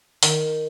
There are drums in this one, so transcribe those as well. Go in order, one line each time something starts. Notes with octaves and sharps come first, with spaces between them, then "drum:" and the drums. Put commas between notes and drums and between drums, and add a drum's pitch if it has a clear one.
D#3, drum: open hi-hat